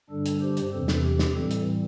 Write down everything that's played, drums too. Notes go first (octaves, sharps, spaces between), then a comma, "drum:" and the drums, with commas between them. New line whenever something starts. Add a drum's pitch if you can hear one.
G2 D3 G3 D4 A4
drum: hi-hat
G4 C5
drum: hi-hat
E2 C3 E3 C4 A4
drum: snare
G4
drum: snare
A2 E3 G3 C4 A4
drum: hi-hat